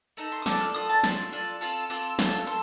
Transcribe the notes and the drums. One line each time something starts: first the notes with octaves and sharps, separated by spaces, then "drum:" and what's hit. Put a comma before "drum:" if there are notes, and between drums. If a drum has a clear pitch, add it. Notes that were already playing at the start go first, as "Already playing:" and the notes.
A3 D#4 A4 A#5
C6
D#6
D4 F4 A4 D6, drum: snare
F6
D4 F4 A4 D#6
A5
D4 F4 A4 C6, drum: snare
D4 F4 A4
C4 F4 A4
C4 F4 A4 D6
C4 F4 A4, drum: snare
A4 C6